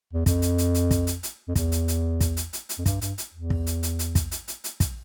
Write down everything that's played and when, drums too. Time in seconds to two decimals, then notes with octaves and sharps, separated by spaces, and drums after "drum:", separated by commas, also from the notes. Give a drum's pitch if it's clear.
0.13 E2
0.26 F2, drum: kick, hi-hat
0.42 drum: hi-hat
0.58 drum: hi-hat
0.74 drum: hi-hat
0.91 drum: kick, hi-hat
1.07 drum: hi-hat
1.23 drum: hi-hat
1.48 F2
1.55 E2, drum: kick, hi-hat
1.72 drum: hi-hat
1.88 drum: hi-hat
2.20 drum: kick, hi-hat
2.37 drum: hi-hat
2.53 drum: hi-hat
2.69 drum: hi-hat
2.78 F2
2.86 G2, drum: kick, hi-hat
3.01 G2, drum: hi-hat
3.18 drum: hi-hat
3.34 E2
3.50 drum: kick
3.67 drum: hi-hat
3.83 drum: hi-hat
3.99 drum: hi-hat
4.15 drum: kick, hi-hat
4.31 drum: hi-hat
4.48 drum: hi-hat
4.64 drum: hi-hat
4.80 drum: kick, hi-hat